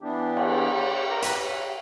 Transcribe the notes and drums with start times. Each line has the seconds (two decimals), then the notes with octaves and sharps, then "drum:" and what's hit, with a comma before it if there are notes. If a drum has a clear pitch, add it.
0.01 E3 B3 D4 G4
0.37 drum: cymbal
0.98 G4
1.10 A#4
1.22 B4, drum: hi-hat